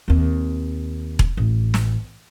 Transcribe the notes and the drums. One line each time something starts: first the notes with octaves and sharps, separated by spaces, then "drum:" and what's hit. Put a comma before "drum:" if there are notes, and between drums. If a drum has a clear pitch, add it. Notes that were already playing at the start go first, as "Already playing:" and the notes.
D#2 C4
drum: kick E1
A1
drum: snare